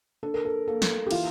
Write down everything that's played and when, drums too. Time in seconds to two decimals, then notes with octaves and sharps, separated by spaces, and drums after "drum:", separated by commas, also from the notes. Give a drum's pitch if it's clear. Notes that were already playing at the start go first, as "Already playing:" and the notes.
0.23 D4 A4
0.34 A#4
0.45 A4
0.68 A#3 A4
0.82 drum: snare
1.07 G4
1.11 E3 F4, drum: cymbal